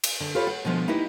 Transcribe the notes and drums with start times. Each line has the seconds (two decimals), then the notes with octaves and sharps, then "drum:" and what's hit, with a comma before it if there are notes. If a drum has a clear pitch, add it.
0.04 drum: cymbal
0.20 D3
0.35 F4 G4 A4 B4 C#5
0.47 F#5
0.65 B2 D3 F3 G#3 B3
0.88 D#4 E4 G4 B4 D#5